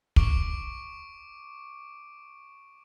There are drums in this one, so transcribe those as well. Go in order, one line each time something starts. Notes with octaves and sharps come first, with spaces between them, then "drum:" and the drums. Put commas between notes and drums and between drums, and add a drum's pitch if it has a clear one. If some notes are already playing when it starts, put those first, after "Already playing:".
C#6 D6 D7, drum: kick